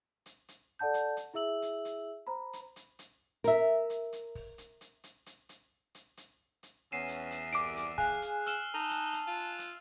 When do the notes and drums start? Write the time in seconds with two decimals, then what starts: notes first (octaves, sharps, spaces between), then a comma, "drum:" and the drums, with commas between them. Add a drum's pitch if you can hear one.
0.26 drum: hi-hat
0.48 drum: hi-hat
0.79 A4 D5 F#5 A5 G6
0.94 drum: hi-hat
1.17 drum: hi-hat
1.34 E4 G#4 E5 E6 F#7
1.62 drum: hi-hat
1.85 drum: hi-hat
2.27 C5 A#5 B5
2.53 drum: hi-hat
2.76 drum: hi-hat
2.99 drum: hi-hat
3.44 A#4 E5, drum: hi-hat
3.90 drum: hi-hat
4.13 drum: hi-hat
4.35 drum: kick, open hi-hat
4.58 drum: hi-hat
4.81 drum: hi-hat
5.04 drum: hi-hat
5.26 drum: hi-hat
5.49 drum: hi-hat
5.95 drum: hi-hat
6.17 drum: hi-hat
6.63 drum: hi-hat
6.92 E2 B3 C#4 C7 D#7 E7
7.08 drum: hi-hat
7.31 drum: hi-hat
7.52 C2 D6 D7, drum: hi-hat
7.77 drum: hi-hat
7.98 G#4 F5 G#5 F#6, drum: kick, open hi-hat
8.22 drum: hi-hat
8.46 E6 F6 E7, drum: hi-hat
8.74 D#4 A5
8.90 drum: hi-hat
9.13 drum: hi-hat
9.27 F4
9.59 drum: hi-hat